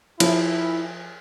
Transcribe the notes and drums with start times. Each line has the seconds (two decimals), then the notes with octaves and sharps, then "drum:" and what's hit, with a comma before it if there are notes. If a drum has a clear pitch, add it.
0.20 F3 E4, drum: cymbal